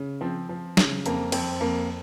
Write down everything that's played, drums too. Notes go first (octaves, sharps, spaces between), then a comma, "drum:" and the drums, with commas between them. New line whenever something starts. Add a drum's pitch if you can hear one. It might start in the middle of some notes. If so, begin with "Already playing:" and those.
Already playing: C#3
F3 C4
F3
C#3, drum: snare
F2 A#3, drum: hi-hat
F2 C4, drum: cymbal
F2 A#3